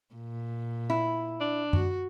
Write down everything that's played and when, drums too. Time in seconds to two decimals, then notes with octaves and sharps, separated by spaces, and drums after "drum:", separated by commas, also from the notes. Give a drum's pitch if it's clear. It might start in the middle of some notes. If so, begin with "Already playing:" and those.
0.14 A#2
0.90 E4
1.40 D4
1.73 F#4, drum: tom F#2